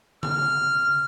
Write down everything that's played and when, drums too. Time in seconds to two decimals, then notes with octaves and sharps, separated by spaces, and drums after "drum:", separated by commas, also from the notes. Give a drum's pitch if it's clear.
0.23 F6, drum: tom C#3